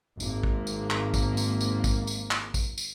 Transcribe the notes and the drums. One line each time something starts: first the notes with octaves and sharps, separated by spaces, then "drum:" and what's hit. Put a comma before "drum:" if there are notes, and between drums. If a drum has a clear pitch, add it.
G#1 G#2 A#3, drum: tambourine
drum: kick
drum: tambourine
drum: clap
drum: kick, tambourine
drum: tambourine
drum: tambourine
drum: kick, tambourine
drum: tambourine
drum: clap
drum: kick, tambourine
drum: tambourine